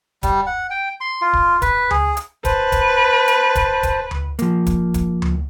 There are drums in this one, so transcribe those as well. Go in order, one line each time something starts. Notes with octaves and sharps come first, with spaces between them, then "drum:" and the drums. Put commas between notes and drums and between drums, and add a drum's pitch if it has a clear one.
G3, drum: kick D1, hi-hat
F#5
G5
C6
F4
drum: kick D1
B4, drum: kick D1, hi-hat
G#4, drum: tom D2
drum: hi-hat
B4 C5 A5, drum: kick D1, hi-hat
drum: kick D1, hi-hat
drum: hi-hat
drum: kick D1, hi-hat
drum: kick D1, hi-hat
drum: tom D2
F3 A#3, drum: hi-hat
drum: kick D1, hi-hat
drum: kick D1, hi-hat
drum: tom D2